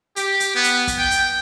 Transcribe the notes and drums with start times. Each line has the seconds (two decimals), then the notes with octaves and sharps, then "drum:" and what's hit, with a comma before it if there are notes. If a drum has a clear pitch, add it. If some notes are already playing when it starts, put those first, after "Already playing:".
0.16 G4, drum: hi-hat
0.40 drum: hi-hat
0.54 B3
0.64 drum: hi-hat
0.87 drum: kick, hi-hat
0.97 G5
1.11 drum: hi-hat